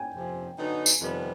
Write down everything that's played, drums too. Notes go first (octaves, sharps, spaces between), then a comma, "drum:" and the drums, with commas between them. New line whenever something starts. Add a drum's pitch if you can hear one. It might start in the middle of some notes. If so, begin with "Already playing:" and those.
Already playing: G5 G#5
F2 C3 F3
D3 F#3 B3 D#4
drum: tambourine
F2 C3 D#3 G3 B3